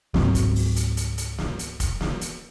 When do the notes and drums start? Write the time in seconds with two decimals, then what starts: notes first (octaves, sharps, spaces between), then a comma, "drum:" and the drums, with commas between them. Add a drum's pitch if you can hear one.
0.14 C#2 G#2 F#3 C4, drum: snare
0.35 drum: kick F1, hi-hat
0.56 drum: open hi-hat
0.76 drum: hi-hat
0.97 drum: hi-hat
1.18 drum: hi-hat
1.38 drum: snare
1.59 drum: hi-hat
1.80 drum: kick F1, hi-hat
2.01 drum: snare
2.21 drum: hi-hat